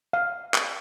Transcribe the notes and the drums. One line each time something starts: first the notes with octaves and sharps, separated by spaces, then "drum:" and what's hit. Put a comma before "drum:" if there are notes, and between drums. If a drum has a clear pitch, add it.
F5
drum: clap